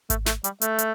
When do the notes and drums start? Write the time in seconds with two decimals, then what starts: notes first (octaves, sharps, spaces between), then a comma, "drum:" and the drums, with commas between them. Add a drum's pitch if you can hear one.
0.10 A3, drum: kick G#1, hi-hat
0.26 A3, drum: snare
0.44 G3, drum: hi-hat
0.61 A3, drum: hi-hat
0.79 drum: hi-hat